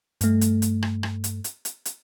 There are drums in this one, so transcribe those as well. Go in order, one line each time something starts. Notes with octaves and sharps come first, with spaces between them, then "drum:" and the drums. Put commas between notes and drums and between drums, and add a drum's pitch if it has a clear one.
G2 A3, drum: hi-hat
drum: hi-hat
drum: hi-hat
drum: rim click
drum: rim click
drum: hi-hat
drum: hi-hat
drum: hi-hat
drum: hi-hat